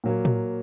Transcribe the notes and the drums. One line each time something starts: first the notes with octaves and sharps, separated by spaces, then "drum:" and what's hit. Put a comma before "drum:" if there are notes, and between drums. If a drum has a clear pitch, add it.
A#2 F#3 A#3
drum: tom A2